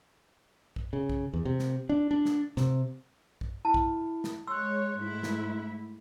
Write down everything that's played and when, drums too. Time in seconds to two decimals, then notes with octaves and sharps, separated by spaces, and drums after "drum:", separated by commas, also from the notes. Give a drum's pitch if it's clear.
0.76 drum: kick
0.93 C#3
1.09 drum: kick
1.34 E2
1.45 C3
1.59 drum: snare
1.89 D4
2.11 D4
2.25 drum: snare
2.57 C3, drum: snare
3.41 drum: kick
3.65 E4 A5
3.74 drum: kick
4.24 drum: snare
4.48 G#3 C#5 C6 E6 F#6
4.97 G#2 A3 E4
5.23 drum: snare